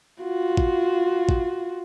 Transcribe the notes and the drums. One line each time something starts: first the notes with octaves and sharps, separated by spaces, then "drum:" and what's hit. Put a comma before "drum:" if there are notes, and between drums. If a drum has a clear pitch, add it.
F4 F#4
drum: kick A1
drum: kick A1